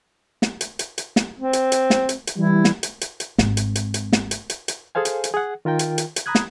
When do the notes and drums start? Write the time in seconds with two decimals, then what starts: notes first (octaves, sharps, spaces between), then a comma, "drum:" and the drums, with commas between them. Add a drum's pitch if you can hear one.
0.42 drum: snare
0.61 drum: hi-hat
0.79 drum: hi-hat
0.98 drum: hi-hat
1.16 drum: snare
1.38 C4
1.53 drum: hi-hat
1.72 drum: hi-hat
1.90 drum: snare
2.09 drum: hi-hat
2.27 drum: hi-hat
2.37 E3 G3 E4
2.64 drum: snare
2.83 drum: hi-hat
3.01 drum: hi-hat
3.20 drum: hi-hat
3.38 G#1, drum: snare
3.57 drum: hi-hat
3.75 drum: hi-hat
3.94 drum: hi-hat
4.13 drum: snare
4.31 drum: hi-hat
4.50 drum: hi-hat
4.68 drum: hi-hat
4.95 G#4 A4 C5 F5 G#5
5.05 drum: hi-hat
5.24 drum: hi-hat
5.34 G#4 F#5
5.65 D#3 F4 A#4 G5
5.79 drum: hi-hat
5.98 drum: hi-hat
6.16 drum: hi-hat
6.26 A#5 B5 D#6 F#6 G#6
6.35 drum: snare